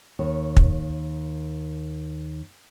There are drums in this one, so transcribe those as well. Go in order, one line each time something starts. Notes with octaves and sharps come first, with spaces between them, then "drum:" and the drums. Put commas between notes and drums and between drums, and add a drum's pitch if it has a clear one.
D#2 C#5
drum: kick